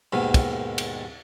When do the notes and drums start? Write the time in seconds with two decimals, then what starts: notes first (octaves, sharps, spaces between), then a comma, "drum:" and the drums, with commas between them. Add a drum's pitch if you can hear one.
0.13 D#2 G#2 B2 D#3
0.34 drum: kick, cymbal
0.78 drum: cymbal